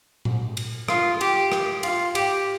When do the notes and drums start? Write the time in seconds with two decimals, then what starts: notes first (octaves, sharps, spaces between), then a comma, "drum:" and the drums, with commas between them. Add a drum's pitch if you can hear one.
0.25 drum: tom A#2
0.57 drum: cymbal
0.88 F4, drum: rim click
1.21 G4, drum: cymbal
1.52 drum: rim click
1.83 F4, drum: cymbal
2.15 G4, drum: cymbal